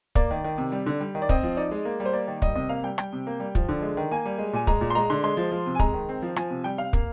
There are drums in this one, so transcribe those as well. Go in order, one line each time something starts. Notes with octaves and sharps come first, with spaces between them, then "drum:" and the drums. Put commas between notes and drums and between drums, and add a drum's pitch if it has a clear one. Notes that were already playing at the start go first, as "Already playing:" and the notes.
A#3 D5, drum: kick
D#3
D#3
C3
G3
D3
G3
D#3
D5
C4 D#5, drum: kick
F3
D#4 D5
G#3
A#3
G3
C5
A#3 D5
D#3 D5
G3 D#5, drum: kick
C3 D#5
A#3 F5
G3 G5
G3 G5, drum: rim click
C3
A#3
G3
F3, drum: kick
D3
G#3
D#3
A#3 G#5
G3
G#3
A#2 G#5
G#3 A#5, drum: kick
A#2
C6
G#3 A#5
D3 C6
G#3 C6
F3
F3
C3
G#5
G#3 A#5, drum: kick
D#3
C4
F3
F3 G#5, drum: rim click
C3
G3 G5
C3 F5
A#3, drum: kick